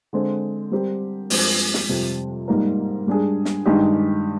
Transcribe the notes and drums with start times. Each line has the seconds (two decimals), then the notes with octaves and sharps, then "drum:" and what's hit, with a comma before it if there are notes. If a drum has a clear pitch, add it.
0.13 D3 G#3 C4
0.71 G3 C4 G4 A#4
1.30 G2 F3 G#3 C4, drum: open hi-hat
1.74 drum: snare
1.89 F2 C3 G3
2.48 G#2 G3 A#3 D#4 A#4
3.07 G#2 G3 D4 G#4
3.45 drum: snare
3.66 G2 D#3 G#3 D#4 G4